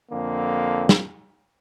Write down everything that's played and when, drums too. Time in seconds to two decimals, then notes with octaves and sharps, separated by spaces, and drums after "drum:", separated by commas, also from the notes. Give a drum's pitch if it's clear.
0.11 F2 D3 A#3
0.89 drum: snare